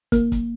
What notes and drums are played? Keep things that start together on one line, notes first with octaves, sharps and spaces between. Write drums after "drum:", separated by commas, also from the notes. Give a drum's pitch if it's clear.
A#3, drum: kick, hi-hat
drum: kick, hi-hat